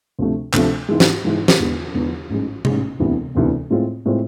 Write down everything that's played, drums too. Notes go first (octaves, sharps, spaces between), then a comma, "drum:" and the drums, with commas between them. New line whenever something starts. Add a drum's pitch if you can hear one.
D2 C3 F3 A3
D2 C3 F3 A3, drum: clap
G#2 E3 G#3
drum: snare
G#2 E3 G#3
drum: snare
E2 D3 G#3 B3
E2 D3 G#3 B3
A1 G#2 G#3
A1 G#2 G#3, drum: tom C3
E1 D2 C3 E3 B3
E1 D2 C3 E3 B3
A2 G#3 C4 F4
A2 G#3 C4 F4